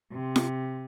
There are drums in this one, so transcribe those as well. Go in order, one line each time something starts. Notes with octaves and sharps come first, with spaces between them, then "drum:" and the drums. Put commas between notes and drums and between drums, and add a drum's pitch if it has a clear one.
C3
drum: snare